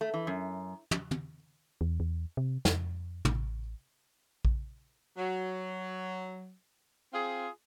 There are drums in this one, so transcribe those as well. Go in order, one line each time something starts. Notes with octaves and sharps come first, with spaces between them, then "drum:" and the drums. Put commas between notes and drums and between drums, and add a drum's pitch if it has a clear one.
A3
E3
F#2
drum: tom
drum: tom
E2
E2
C3
F2, drum: snare
A1, drum: tom
drum: kick A#1
F#3
C4 F4 G#4